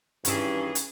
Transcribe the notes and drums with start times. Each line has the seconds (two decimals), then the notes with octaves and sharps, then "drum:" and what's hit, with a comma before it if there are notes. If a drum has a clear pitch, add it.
0.25 G2 D#3 E3 C#4 G#4, drum: hi-hat
0.75 drum: hi-hat